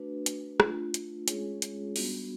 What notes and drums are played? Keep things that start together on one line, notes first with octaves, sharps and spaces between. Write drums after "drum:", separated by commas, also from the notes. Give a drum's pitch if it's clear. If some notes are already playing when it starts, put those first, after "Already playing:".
Already playing: A3 D4 F#4 B4
drum: hi-hat
A3 D4 F4, drum: rim click
drum: hi-hat
G#3 C#4 F4 G#4 C#5, drum: hi-hat
drum: hi-hat
G3 B3 D4 F#4, drum: open hi-hat